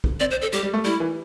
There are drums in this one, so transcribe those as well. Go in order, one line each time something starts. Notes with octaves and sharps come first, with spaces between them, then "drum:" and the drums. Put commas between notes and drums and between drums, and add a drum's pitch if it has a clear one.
drum: kick
C4 D5
C5
A4
G3 G4, drum: hi-hat
G3
A3
G3 E4
E3